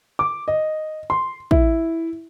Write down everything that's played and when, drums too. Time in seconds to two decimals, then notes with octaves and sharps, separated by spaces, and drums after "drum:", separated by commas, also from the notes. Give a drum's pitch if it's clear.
0.19 D6
0.48 D#5
1.10 C6
1.51 E4, drum: kick